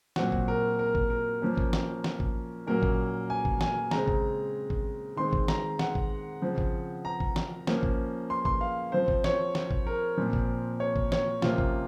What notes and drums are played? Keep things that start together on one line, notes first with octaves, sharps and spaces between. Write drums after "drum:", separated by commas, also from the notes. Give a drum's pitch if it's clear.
A#2 F#3 C4 F#4, drum: snare
drum: kick G#1
A#4
A#4
drum: kick G#1
A#4
F3 A#3 C#4
drum: kick G#1
drum: snare
drum: snare
drum: kick G#1
A#2 F#3 A#3 C#4 A#4
drum: kick G#1
G#5
drum: kick G#1
G#5, drum: snare
C#3 G#3 C4 A#5, drum: snare
drum: kick G#1
drum: kick G#1
D#3 G#3 C4 C6
drum: kick G#1
A#5, drum: snare
F#5, drum: snare
drum: kick G#1
C#3 F3 C4
drum: kick G#1
A#5
drum: kick G#1
drum: snare
F3 A#3 C#4, drum: snare
drum: kick G#1
C6
C6, drum: kick G#1
F5
F3 C4 C5
drum: kick G#1
C#5, drum: snare
drum: snare
drum: kick G#1
A#4
A#2 F3 C4
drum: kick G#1
C#5
drum: kick G#1
C#5, drum: snare
C3 F3 A#3 C#4 F4, drum: snare
drum: kick G#1